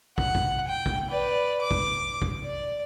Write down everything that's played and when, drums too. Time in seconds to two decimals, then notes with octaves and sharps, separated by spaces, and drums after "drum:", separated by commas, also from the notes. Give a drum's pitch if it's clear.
0.18 F#5, drum: kick
0.35 drum: kick
0.68 G5
0.86 drum: kick
1.09 B4 D5
1.62 D6
1.71 drum: kick
2.22 drum: kick
2.44 D5